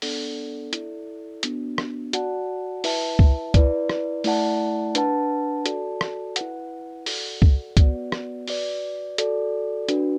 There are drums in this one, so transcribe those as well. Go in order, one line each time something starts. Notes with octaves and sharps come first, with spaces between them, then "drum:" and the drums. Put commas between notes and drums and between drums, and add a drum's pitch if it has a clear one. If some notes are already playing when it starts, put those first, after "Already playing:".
B3 D4 A4 D5 F#5, drum: open hi-hat
E4 A4 D5, drum: hi-hat
B3 D4 F#4, drum: hi-hat
drum: rim click
F#4 D5 F#5 A5, drum: hi-hat
E4 B4 E5 A5, drum: open hi-hat
drum: kick C#2
E4 B4 D5, drum: kick C#2, hi-hat
drum: rim click
A3 E4 D5 F#5 A5, drum: open hi-hat
D4 B4 F#5 A5, drum: hi-hat
F#4 A4 D5 A5, drum: hi-hat
drum: rim click
E4 B4 F#5, drum: hi-hat
F#4 A4 D5 F#5, drum: open hi-hat
drum: kick C#2
B3 F#4 B4 D5 F#5, drum: kick C#2, hi-hat
drum: rim click
F#4 B4 D5, drum: open hi-hat
F#4 A4 D5, drum: hi-hat
D4 F#4 B4, drum: hi-hat